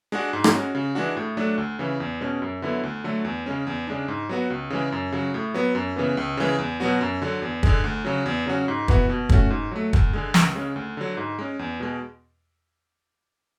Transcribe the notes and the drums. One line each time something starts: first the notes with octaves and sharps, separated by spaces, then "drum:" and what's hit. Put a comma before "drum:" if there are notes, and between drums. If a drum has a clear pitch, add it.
G#3 D4 F#4
G#2
drum: rim click
G#3 C#4 F#4
C#3
E3 G#3 D4 F#4
A2
F#3 A3 D4
D2
C#3 E3
E2
B2 G#3 C#4
F#2
D3 F#3 B3 E4
D2
D3 F#3 A3
E2
C#3 G#3 C#4
E2
C#3 G#3 D4
G#2
F#3 B3 F#4
C#2
C#3 E3 G#3
F#2
C#3 F#3
A2
F#3 B3
F#2
C#3 E3 B3
C#2
C#3 E3 G#3
E2
B2 F#3 B3 F#4
F#2
D3 F#3
E2
D3 G#3, drum: kick
D2
C#3 F#3
E2
C#3 F#3 C#4 F#4
G#2
E3 B3 F#4, drum: kick
B2
A3 C#4 F#4, drum: kick
G#2
F#3 A3
D2, drum: kick
D3 G#3
C#2, drum: snare
C#3 G#3 C#4
D2
D3 F#3
G#2
G#3 C#4
E2
B2 G#3